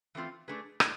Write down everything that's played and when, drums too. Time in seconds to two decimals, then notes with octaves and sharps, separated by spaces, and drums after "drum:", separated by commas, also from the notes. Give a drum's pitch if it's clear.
0.15 E3 A3 C4 F4
0.48 A3 D4 G#4 B4
0.80 A2 G#3 B3 D4, drum: rim click